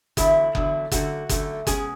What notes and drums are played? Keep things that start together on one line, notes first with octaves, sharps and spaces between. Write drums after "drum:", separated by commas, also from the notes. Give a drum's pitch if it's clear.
E2 D3 F#3 E4, drum: kick F#1, hi-hat
E2 D3 F#3, drum: kick F#1
F#2 D3 A3 F#4, drum: kick F#1, hi-hat
F#2 D3 A3, drum: kick F#1, hi-hat
B2 G#3 C#4 G#4, drum: kick F#1, hi-hat